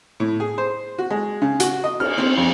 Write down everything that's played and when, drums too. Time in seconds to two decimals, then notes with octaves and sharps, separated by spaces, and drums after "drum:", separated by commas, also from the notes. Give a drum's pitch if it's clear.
0.20 A2
0.40 G#4
0.58 C5
0.98 F#4
1.10 G#3
1.42 C#3
1.60 F#4, drum: hi-hat
1.84 D#5
2.00 F6, drum: cymbal
2.18 C4
2.37 F2